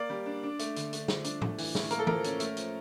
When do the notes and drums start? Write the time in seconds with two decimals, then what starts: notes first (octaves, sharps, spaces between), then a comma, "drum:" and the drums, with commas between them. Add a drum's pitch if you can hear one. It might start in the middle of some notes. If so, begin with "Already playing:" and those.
Already playing: A#3 D5
0.10 G3
0.26 D4
0.43 D4
0.59 A3, drum: hi-hat
0.76 D3, drum: hi-hat
0.93 A3, drum: hi-hat
1.08 F3, drum: snare
1.24 D4, drum: hi-hat
1.42 A3, drum: tom A2
1.58 E3, drum: open hi-hat
1.75 A2, drum: snare
1.91 A#3 A#4, drum: hi-hat
1.99 A4
2.07 F3 A#4, drum: tom E3
2.24 C#4, drum: hi-hat
2.40 A3, drum: hi-hat
2.57 F3, drum: hi-hat